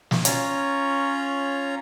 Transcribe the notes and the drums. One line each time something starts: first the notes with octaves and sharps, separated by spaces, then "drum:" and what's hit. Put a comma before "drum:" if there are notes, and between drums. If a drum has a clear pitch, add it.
drum: snare
C#4 F4 C#5 A#5, drum: hi-hat